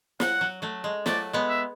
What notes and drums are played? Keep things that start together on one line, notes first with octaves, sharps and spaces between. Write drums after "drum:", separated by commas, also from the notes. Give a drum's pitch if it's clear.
F#3 F#5, drum: snare
F#3
F#3 A3
G#3
F#3 A3 D5, drum: snare
G#3 B3
E5